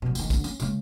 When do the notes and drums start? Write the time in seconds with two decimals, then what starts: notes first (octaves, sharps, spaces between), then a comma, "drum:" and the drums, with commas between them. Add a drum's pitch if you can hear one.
0.02 B2 F#3
0.15 D2 D#3, drum: tambourine
0.30 G1 D2, drum: kick, tambourine
0.44 C#4, drum: tambourine
0.60 C#3 G#3, drum: tambourine